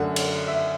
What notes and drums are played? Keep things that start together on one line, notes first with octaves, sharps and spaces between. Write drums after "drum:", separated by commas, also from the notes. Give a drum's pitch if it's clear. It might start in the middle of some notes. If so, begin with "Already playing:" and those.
Already playing: F#2 D3 A3 F#5
drum: cymbal
E5